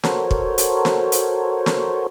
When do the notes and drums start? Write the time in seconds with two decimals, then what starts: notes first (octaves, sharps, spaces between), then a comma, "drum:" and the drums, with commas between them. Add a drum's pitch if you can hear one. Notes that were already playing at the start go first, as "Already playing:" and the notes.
0.03 F#4 A4 A#4 C5 C#5, drum: snare
0.31 drum: kick
0.58 drum: hi-hat
0.85 drum: snare
1.12 drum: hi-hat
1.66 drum: snare